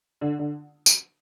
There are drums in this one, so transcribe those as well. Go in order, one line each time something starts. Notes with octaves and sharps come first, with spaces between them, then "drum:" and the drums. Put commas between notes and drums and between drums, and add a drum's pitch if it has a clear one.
D3
D3
drum: tambourine